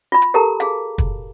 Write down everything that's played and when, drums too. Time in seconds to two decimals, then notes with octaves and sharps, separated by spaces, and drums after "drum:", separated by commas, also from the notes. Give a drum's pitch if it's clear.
0.12 F4 B5
0.22 drum: hi-hat
0.34 G4 A4 A#4 A5 A#5
0.60 G#4 F5, drum: hi-hat
0.98 drum: kick, hi-hat